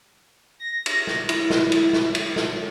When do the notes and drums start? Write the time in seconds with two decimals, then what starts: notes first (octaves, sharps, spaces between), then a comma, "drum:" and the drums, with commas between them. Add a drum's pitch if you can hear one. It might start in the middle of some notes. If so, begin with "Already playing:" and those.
0.60 A#6
0.86 drum: cymbal
1.07 drum: snare
1.29 E4, drum: cymbal
1.50 drum: snare
1.72 drum: cymbal
1.93 drum: snare
2.15 drum: cymbal
2.36 drum: snare